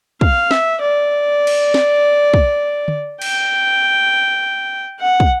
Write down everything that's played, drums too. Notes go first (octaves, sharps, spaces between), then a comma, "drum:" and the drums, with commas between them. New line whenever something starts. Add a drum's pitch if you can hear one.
F5, drum: kick
E5, drum: snare
D5
drum: cymbal
drum: snare
drum: kick
drum: tom D3
G5, drum: cymbal
F#5
drum: kick